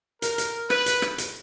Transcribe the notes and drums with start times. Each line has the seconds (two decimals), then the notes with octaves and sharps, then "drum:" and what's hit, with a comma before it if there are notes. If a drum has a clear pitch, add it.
0.22 A#4, drum: hi-hat
0.38 drum: hi-hat
0.70 B4, drum: rim click
0.86 drum: hi-hat
1.02 drum: rim click
1.18 drum: hi-hat